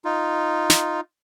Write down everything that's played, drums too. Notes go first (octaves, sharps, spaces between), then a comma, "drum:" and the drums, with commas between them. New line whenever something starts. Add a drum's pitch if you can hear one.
D#4 F4
drum: snare